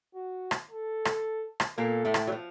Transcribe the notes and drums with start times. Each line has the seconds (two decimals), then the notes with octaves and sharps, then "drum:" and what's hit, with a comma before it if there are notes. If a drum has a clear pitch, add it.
0.15 F#4
0.51 drum: rim click
0.70 A4
1.05 drum: rim click
1.60 drum: rim click
1.78 A#2 A#3 A4
2.05 A2 A3
2.14 drum: rim click
2.27 F#3
2.32 F3